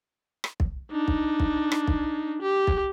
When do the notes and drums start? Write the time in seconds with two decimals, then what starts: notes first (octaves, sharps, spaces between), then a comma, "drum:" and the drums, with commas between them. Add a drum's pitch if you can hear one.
0.44 drum: rim click
0.60 drum: kick
0.92 D4 D#4
1.08 drum: kick
1.40 drum: kick
1.72 drum: rim click
1.87 drum: kick
2.42 G4
2.67 drum: kick